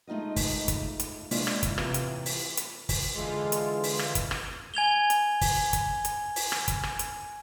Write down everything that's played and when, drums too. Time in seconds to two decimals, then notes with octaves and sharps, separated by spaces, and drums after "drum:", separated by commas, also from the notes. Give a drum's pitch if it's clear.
0.07 G#3 A3 D#4 F4 D#5
0.36 drum: kick, open hi-hat
0.68 drum: kick, hi-hat
1.00 drum: hi-hat
1.31 G#3 A#3 C#4 D4 E4 F4, drum: open hi-hat
1.47 drum: rim click
1.63 drum: kick, hi-hat
1.78 A2 C3 E3 F4 A#5, drum: rim click
1.94 drum: hi-hat
2.26 drum: open hi-hat
2.57 drum: hi-hat
2.89 drum: kick, open hi-hat
3.15 D3 E3 G#3 F4
3.52 drum: hi-hat
3.84 drum: open hi-hat
3.99 drum: rim click
4.15 drum: kick, hi-hat
4.31 drum: rim click
4.74 G#5 G#6 F7 G7
5.10 drum: hi-hat
5.41 drum: kick, open hi-hat
5.73 drum: kick, hi-hat
6.05 drum: hi-hat
6.36 drum: open hi-hat
6.52 drum: rim click
6.68 drum: kick, hi-hat
6.83 drum: rim click
6.99 drum: hi-hat